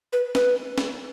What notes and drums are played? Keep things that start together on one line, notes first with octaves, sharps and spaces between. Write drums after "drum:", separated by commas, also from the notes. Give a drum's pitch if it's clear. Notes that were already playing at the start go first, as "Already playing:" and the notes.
B4
B4, drum: snare C#4
drum: snare C#4